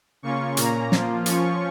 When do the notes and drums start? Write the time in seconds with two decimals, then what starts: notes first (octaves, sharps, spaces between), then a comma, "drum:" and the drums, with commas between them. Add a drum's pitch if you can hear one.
0.23 C#3 A#3 C#4 F4 C#6
0.57 A#2 A#3 C#4 A#5, drum: hi-hat
0.92 F3 A#3 F4, drum: snare
1.26 F3 C#4 F4 C#6, drum: hi-hat